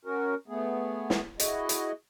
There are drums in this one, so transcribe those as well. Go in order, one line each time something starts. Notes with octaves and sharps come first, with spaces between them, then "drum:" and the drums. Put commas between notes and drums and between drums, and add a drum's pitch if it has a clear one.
C#4 F#4 A#4
A3 B3 G#4
drum: snare
E4 F#4 G#4 D#5, drum: hi-hat
drum: hi-hat